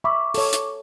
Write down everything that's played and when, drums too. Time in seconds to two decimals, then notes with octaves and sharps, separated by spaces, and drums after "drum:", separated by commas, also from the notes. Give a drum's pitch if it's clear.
0.04 E5 B5 C#6 D6
0.34 A4 C#5, drum: open hi-hat
0.53 drum: hi-hat